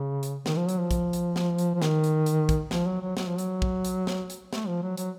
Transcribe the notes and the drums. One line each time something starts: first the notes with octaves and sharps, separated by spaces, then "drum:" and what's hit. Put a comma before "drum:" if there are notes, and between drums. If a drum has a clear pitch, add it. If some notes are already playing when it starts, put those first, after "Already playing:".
Already playing: C#3
drum: hi-hat
D#3, drum: snare
F3
F#3, drum: hi-hat
F3
drum: kick, hi-hat
drum: hi-hat
drum: snare
drum: hi-hat
F3
D#3, drum: snare
drum: hi-hat
drum: hi-hat
drum: kick, hi-hat
F3, drum: snare
F#3
F#3
F#3, drum: snare
F3
F#3, drum: hi-hat
drum: kick
drum: hi-hat
drum: snare
drum: hi-hat
A3, drum: snare
F3
F#3
F#3, drum: hi-hat